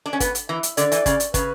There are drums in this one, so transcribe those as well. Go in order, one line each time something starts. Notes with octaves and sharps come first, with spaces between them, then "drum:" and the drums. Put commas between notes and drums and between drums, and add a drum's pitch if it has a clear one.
D4
C#4
B3 B4, drum: kick, hi-hat
drum: hi-hat
E3
drum: hi-hat
D3 D5, drum: hi-hat
E3, drum: hi-hat
C#3, drum: kick, hi-hat
drum: hi-hat
C#3 B4, drum: kick, hi-hat